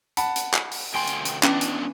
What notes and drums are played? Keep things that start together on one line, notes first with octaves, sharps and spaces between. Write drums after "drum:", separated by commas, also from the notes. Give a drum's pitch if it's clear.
F#5 A5 B5, drum: hi-hat
drum: hi-hat
drum: clap
drum: open hi-hat
D2 G5 G#5 C6
drum: hi-hat
drum: hi-hat
B2 E3 C#4 D4, drum: clap
drum: hi-hat